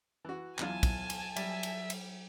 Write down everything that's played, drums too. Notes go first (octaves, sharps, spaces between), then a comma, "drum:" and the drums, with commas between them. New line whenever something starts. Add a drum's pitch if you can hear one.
E3 F#4
E2 F#3 E4 F4 G#5 A5, drum: clap
drum: kick, cymbal
drum: cymbal
F#3 G3 E5, drum: cymbal
drum: cymbal
drum: cymbal